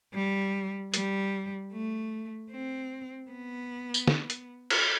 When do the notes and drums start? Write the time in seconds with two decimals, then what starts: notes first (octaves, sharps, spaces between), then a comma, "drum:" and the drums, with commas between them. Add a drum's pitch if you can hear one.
0.13 G3
0.94 G3, drum: hi-hat
1.72 A3
2.51 C4
3.31 B3
3.94 drum: tambourine
4.08 drum: snare
4.30 drum: hi-hat
4.70 drum: cymbal